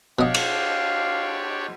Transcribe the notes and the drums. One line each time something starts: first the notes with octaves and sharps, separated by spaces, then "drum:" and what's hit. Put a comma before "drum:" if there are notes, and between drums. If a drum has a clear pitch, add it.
B2 D4 G4 C#5 D#5 F5
drum: cymbal